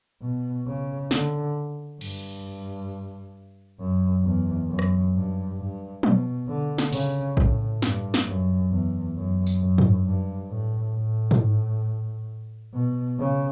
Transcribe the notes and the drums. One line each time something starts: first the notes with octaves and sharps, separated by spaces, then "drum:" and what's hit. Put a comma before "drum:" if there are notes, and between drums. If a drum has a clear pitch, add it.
B2
C#3
D3, drum: snare
G2, drum: cymbal
F#2
E2
F#2
drum: rim click
G2
G2
B2, drum: tom F3
D3
drum: snare
C#3, drum: open hi-hat
A2, drum: kick A#1
G2, drum: snare
drum: snare
F#2
E2
F#2
drum: tambourine
F#2
drum: tom G2
G2
A2
A2
drum: tom G#2
B2
C#3